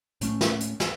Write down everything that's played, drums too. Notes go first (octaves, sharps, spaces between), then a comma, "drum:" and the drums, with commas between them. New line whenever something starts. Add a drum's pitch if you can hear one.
A2 A3 C#4, drum: hi-hat
drum: snare
drum: hi-hat
drum: snare